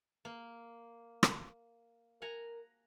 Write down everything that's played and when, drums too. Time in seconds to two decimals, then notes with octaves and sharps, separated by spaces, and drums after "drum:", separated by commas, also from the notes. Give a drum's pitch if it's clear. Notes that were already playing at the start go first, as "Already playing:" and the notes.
0.25 A#3
1.23 drum: rim click
2.22 A#4 F#5 G#5 A#5